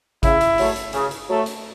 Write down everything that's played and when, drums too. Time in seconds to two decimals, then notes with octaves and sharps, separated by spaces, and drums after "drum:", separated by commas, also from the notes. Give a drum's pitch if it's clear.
0.23 C#3 E4, drum: kick G#1, hi-hat
0.41 drum: hi-hat
0.58 F#3 A3, drum: open hi-hat
0.76 drum: hi-hat
0.93 C#3, drum: hi-hat
1.11 drum: hi-hat
1.28 F#3 A3
1.46 drum: hi-hat